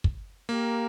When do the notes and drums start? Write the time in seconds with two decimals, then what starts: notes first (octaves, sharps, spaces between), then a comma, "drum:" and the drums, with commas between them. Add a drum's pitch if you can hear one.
0.04 drum: kick
0.49 A#3 G4 A#4 G5 A#5